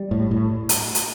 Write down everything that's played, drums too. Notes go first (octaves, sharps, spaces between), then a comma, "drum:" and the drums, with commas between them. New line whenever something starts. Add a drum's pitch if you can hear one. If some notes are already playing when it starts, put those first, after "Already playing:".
Already playing: G3
A2
A2
drum: hi-hat
drum: hi-hat